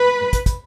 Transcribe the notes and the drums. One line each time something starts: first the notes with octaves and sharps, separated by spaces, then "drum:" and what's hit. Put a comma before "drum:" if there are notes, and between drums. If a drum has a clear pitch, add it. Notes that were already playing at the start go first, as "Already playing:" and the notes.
Already playing: B4
drum: kick, hi-hat
drum: kick, hi-hat